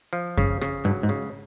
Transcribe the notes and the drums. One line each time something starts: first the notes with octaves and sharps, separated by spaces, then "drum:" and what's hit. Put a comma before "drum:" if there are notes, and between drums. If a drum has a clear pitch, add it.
F3
C#3, drum: kick F#2
C#3, drum: rim click
G2 F#3
G#2
C#3